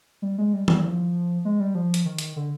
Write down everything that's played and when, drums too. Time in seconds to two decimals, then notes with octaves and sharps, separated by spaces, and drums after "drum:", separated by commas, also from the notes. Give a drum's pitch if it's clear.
0.22 G3
0.38 G#3
0.53 G3
0.68 G3, drum: tom D#3
0.83 F3
1.45 G#3
1.60 G3
1.75 F3
1.94 drum: hi-hat
2.05 D#3
2.19 drum: hi-hat
2.36 D3